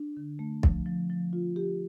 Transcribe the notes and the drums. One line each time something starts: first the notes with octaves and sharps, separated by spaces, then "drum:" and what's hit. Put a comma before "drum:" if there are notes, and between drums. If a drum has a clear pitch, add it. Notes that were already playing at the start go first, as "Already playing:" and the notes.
Already playing: D4
D3
A3
F3, drum: kick
F3
F3
F4
G4